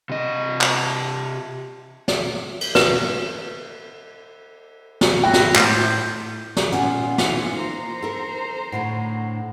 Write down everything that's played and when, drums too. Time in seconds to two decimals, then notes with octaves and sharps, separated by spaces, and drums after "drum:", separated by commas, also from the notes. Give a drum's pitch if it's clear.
0.09 C3 D#5
0.61 drum: clap
2.08 drum: snare
2.61 drum: cymbal
2.75 B4, drum: snare
5.01 drum: snare
5.24 G#2 E4 F#4 G5
5.33 drum: snare
5.55 A2 C5, drum: clap
6.57 drum: snare
6.72 A#2 B3 C#4 F4 F#5 G#5, drum: hi-hat
7.18 E3 D#4 B6 C#7 F7, drum: snare
7.53 A#3 C5 A#5
8.02 A4 A#4
8.72 A2 D3 A3 F#5 C7